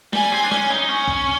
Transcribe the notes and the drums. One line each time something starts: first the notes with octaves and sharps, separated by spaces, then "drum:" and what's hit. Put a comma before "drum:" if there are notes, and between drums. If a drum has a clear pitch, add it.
G3 G#5, drum: snare
C4
D4
C#4, drum: snare
D#4
C#4 G#5
drum: kick